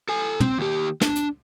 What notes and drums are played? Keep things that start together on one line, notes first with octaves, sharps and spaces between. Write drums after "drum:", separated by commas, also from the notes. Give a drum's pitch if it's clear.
A4 G#5
C4, drum: tom
D#2 G4
D4, drum: snare
drum: hi-hat